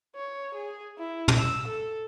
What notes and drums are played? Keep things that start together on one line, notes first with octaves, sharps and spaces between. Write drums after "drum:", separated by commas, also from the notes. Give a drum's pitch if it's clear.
C#5
G#4
E4
drum: tom
E6
A4